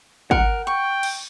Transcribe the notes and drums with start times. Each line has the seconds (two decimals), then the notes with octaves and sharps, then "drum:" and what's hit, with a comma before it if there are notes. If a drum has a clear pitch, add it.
0.31 A#4 F#5, drum: kick
0.67 G5 C#6
1.03 drum: cymbal